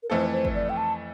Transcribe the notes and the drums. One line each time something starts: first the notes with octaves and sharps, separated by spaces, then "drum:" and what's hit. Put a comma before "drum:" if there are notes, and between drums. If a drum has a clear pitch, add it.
A#4
F2 E3 A3 E4 A4 C5
C5
drum: kick
D5
G5
A5